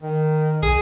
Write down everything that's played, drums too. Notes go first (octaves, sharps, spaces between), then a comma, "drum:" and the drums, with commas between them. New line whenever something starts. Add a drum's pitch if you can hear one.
D#3
G#4, drum: kick, hi-hat